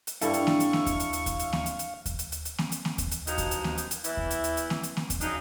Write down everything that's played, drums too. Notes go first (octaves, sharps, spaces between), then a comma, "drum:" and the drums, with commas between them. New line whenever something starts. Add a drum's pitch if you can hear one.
drum: hi-hat
G2 E4 A4 D5 F5 C#6, drum: hi-hat
drum: hi-hat
drum: snare A#3
drum: hi-hat
drum: snare A#3
drum: kick D#2, hi-hat
drum: hi-hat
drum: hi-hat
drum: kick D#2, hi-hat
drum: hi-hat
drum: snare A#3
drum: hi-hat
drum: hi-hat
drum: kick D#2, hi-hat
drum: hi-hat
drum: hi-hat
drum: hi-hat
drum: snare A#3
drum: hi-hat
drum: snare A#3
drum: kick D#2, hi-hat
drum: hi-hat
G2 D#3 F3 D#4 F#4, drum: hi-hat
drum: kick D#2, hi-hat
drum: hi-hat
drum: snare A#3
drum: hi-hat
drum: hi-hat
E2 E3 E4, drum: hi-hat
drum: kick D#2
drum: hi-hat
drum: hi-hat
drum: hi-hat
drum: snare A#3
drum: hi-hat
drum: snare A#3
drum: kick D#2, hi-hat
F#2 C#3 D4 D#4, drum: hi-hat